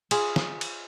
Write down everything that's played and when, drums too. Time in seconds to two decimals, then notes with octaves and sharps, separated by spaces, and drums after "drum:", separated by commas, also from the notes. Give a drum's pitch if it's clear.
0.11 F4 G#4, drum: cymbal
0.36 drum: snare
0.61 drum: cymbal